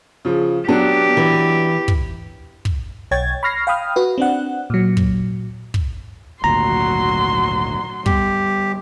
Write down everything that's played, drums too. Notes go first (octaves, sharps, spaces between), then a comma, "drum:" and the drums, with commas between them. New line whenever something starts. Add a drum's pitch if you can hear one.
C#3 F3
F#3 B3 D4 G4
E3
drum: kick
drum: kick
B1 C#5 G5 G#6 A6
B5 C#6 F6 A#6 C7
F5 G5 B5 D#6 F6
F#4 B4
C4 D4 F#5
A#2 F#3
drum: kick
drum: kick
G#1 D2 A#2 F#3 A#5 C6
G3 B3 G4, drum: kick